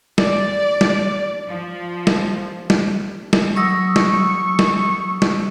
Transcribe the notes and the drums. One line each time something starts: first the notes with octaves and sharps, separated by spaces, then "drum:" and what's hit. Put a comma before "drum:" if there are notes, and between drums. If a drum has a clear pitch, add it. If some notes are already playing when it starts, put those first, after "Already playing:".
D5, drum: snare
drum: snare
F3
drum: snare
drum: snare
drum: snare
F#3 C#6 D#6 E6
drum: snare
drum: snare
drum: snare